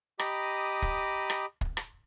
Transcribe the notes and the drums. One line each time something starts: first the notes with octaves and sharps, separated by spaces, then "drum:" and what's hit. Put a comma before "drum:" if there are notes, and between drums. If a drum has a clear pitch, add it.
G4 D#5 A#5 B5 D6 D#6, drum: rim click
drum: kick
drum: rim click
drum: kick
drum: rim click